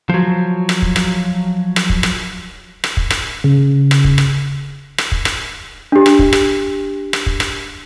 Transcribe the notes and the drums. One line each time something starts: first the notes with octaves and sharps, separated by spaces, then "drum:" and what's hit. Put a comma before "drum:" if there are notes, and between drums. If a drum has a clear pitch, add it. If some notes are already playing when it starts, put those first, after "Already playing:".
F3 F#3
drum: rim click
drum: kick
drum: rim click
drum: rim click
drum: kick
drum: rim click
drum: rim click
drum: kick
drum: rim click
C#3
drum: rim click
drum: kick
drum: rim click
drum: rim click
drum: kick
drum: rim click
D4 G4
drum: rim click
drum: kick
drum: rim click
drum: rim click
drum: kick
drum: rim click